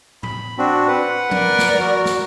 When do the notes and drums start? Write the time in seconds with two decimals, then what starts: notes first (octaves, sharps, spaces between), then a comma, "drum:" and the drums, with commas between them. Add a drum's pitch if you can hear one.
0.23 B5, drum: tom A2
0.58 C4 D4 F#4
0.88 B4 F#5
1.31 A#4 D5, drum: tom F3
1.59 drum: snare
1.80 F#4
2.05 drum: snare